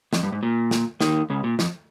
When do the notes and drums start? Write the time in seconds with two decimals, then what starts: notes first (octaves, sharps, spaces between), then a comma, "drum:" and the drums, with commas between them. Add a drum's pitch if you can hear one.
0.13 F2, drum: snare
0.23 G2
0.32 G#2
0.43 A#2
0.71 drum: snare
1.00 D#2 D#3, drum: snare
1.30 C#2 C#3
1.44 A#2
1.59 F2, drum: snare